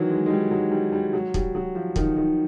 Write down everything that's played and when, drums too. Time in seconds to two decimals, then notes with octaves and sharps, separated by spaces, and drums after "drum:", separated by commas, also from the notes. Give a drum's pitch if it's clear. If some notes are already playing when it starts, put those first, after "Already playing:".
Already playing: D#3 E3 F#3
0.10 G#3
0.26 G#3
0.30 G3
0.51 F#3
0.71 G3
0.92 G3
1.13 F#3
1.34 G3, drum: kick
1.55 F#3
1.75 F3
1.96 D#3, drum: kick
2.17 D#3